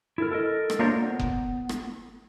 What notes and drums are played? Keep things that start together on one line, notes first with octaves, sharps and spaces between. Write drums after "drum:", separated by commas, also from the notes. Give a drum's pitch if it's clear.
E4 A4 A#4
A4 A#4 D#5
drum: rim click
A#3 D4 F4 A#4 C5 C#5
B3
drum: kick F#1
drum: rim click